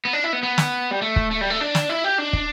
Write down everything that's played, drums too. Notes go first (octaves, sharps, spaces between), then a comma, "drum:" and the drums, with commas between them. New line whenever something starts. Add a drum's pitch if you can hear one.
B3
D4
E4
B3
B3
drum: snare
G3
A3
drum: kick
A3
G3
A3
D4
drum: snare
E4
G4
D4
drum: kick